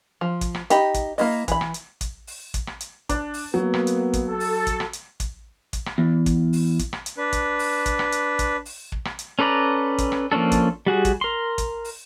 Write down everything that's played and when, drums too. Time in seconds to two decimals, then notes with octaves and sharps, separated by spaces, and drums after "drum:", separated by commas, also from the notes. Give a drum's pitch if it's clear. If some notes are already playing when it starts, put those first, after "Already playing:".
0.21 F3
0.41 drum: kick, hi-hat
0.55 drum: rim click
0.70 D#4 G4 D#5 B5, drum: hi-hat
0.94 drum: kick, hi-hat
1.18 A#3 E4 D#5, drum: open hi-hat
1.48 E3 B5, drum: kick, hi-hat
1.61 drum: rim click
1.74 drum: hi-hat
2.01 drum: kick, hi-hat
2.27 drum: open hi-hat
2.54 drum: kick, hi-hat
2.67 drum: rim click
2.81 drum: hi-hat
3.09 D4, drum: kick, hi-hat
3.34 drum: open hi-hat
3.54 F#3 A#3 B3
3.74 drum: rim click
3.87 drum: hi-hat
4.13 drum: kick, hi-hat
4.27 A4
4.40 drum: open hi-hat
4.67 drum: kick, hi-hat
4.80 drum: rim click
4.93 drum: hi-hat
5.20 drum: kick, hi-hat
5.73 drum: kick, hi-hat
5.86 drum: rim click
5.98 E2
6.26 drum: kick, hi-hat
6.53 drum: open hi-hat
6.79 drum: kick, hi-hat
6.93 drum: rim click
7.06 drum: hi-hat
7.18 D4 B4
7.33 drum: kick, hi-hat
7.59 drum: open hi-hat
7.86 drum: kick, hi-hat
7.99 drum: rim click
8.12 drum: hi-hat
8.39 drum: kick, hi-hat
8.65 drum: open hi-hat
8.92 drum: kick
9.05 drum: rim click
9.19 drum: hi-hat
9.39 C#4 A4 B4 D5 A#5
9.98 drum: kick, hi-hat
10.12 drum: rim click
10.32 F3 A#3 C#4 D4 A4
10.52 drum: kick, hi-hat
10.86 G3 F#4 G#4
11.05 drum: kick, hi-hat
11.21 A#4 C6
11.58 drum: kick, hi-hat
11.85 drum: open hi-hat